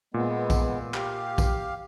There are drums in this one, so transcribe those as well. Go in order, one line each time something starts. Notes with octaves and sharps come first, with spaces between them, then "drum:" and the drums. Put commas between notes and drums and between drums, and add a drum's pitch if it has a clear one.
A#2 G#3 B3
drum: kick A#1, tambourine
G4 F5, drum: clap
drum: kick A#1, tambourine